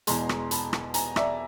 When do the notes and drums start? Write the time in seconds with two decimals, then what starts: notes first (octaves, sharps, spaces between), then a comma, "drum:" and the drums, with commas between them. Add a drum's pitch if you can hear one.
0.07 E2 B2 G#3 A#5 C6, drum: hi-hat
0.29 drum: rim click
0.51 A5 B5, drum: hi-hat
0.73 drum: rim click
0.94 G#5 A#5, drum: hi-hat
1.16 D5 E5, drum: rim click